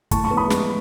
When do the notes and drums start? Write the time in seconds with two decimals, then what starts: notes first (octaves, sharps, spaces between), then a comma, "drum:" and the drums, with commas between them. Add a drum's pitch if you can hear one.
0.11 A2 A5 C#6, drum: kick, hi-hat
0.24 A5 C#6
0.31 B3
0.37 B5 D#6
0.50 G#3, drum: snare